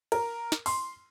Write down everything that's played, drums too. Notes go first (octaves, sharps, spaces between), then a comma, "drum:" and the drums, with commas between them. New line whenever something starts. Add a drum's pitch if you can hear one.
A#4, drum: cymbal
drum: snare
C6, drum: open hi-hat